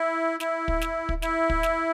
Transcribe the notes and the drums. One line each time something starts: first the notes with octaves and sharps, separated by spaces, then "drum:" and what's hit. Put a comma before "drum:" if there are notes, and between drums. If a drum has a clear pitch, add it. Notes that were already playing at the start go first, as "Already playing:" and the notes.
Already playing: E4
E4, drum: snare
drum: kick
drum: snare
drum: kick
E4, drum: snare
drum: kick
drum: snare